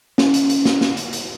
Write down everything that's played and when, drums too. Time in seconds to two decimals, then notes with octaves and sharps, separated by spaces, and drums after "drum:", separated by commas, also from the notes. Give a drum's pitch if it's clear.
0.18 C#4, drum: snare
0.34 drum: hi-hat
0.50 drum: hi-hat
0.65 drum: snare
0.81 drum: snare
0.97 drum: hi-hat
1.13 drum: hi-hat